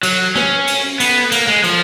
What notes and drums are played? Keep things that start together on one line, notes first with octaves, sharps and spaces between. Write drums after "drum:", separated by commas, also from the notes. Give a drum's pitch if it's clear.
F#3, drum: cymbal
C#4, drum: snare
drum: cymbal
B3, drum: cymbal
A#3, drum: cymbal
G#3
F3, drum: cymbal